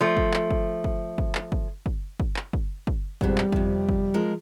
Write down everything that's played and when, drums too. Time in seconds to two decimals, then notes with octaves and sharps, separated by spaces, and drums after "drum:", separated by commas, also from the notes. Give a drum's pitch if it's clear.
0.01 F3 A3
0.17 drum: kick
0.34 drum: clap
0.51 drum: kick
0.84 drum: kick
1.18 drum: kick
1.35 drum: clap
1.52 drum: kick
1.86 drum: kick
2.20 drum: kick
2.36 drum: clap
2.53 drum: kick
2.87 drum: kick
3.21 F2 G#2 B2 G3, drum: kick
3.38 drum: clap
3.52 F2 C3, drum: kick
3.89 drum: kick
4.14 F3 G#3 A#4